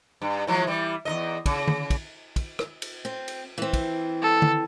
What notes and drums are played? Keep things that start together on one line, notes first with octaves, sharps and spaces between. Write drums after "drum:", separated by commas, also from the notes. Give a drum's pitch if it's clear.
G2
E3 F3 G#3
E3 G3
E2 D3 D#5
C#3, drum: kick, cymbal
drum: tom D3
drum: kick, cymbal
drum: kick, cymbal
drum: rim click
drum: cymbal
C4
drum: cymbal
E3 C4
drum: kick, cymbal
A4
drum: tom D3